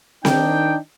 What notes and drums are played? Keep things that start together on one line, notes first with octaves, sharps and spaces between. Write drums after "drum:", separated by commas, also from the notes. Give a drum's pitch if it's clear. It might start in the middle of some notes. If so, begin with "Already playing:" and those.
D#3 D4 D#4 G5, drum: snare C4